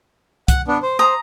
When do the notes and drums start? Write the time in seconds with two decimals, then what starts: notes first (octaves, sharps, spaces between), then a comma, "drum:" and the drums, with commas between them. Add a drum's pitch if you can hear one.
0.48 F#5, drum: kick, hi-hat
0.68 B3 D4
0.83 C5
0.99 C5 A#5 D#6